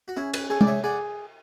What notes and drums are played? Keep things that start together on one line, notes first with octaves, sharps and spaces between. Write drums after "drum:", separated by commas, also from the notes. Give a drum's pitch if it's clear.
F#4
C#4 E4 G#4
G#4 B4, drum: cymbal
G#4 A4 C#5
D5, drum: tom G#3
C#5 E5
G#4 D5 F#5